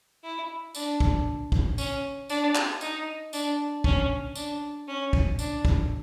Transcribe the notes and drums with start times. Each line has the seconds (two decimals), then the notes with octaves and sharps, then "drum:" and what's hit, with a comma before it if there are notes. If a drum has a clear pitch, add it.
0.23 E4
0.75 D4, drum: tambourine
1.00 drum: kick
1.52 drum: kick
1.78 C#4, drum: tambourine
2.29 D4, drum: tambourine
2.55 drum: clap
2.81 D#4, drum: tambourine
3.33 D4, drum: tambourine
3.84 C#4, drum: kick
4.35 D4, drum: tambourine
4.87 C#4
5.13 drum: kick
5.39 D4, drum: tambourine
5.65 drum: kick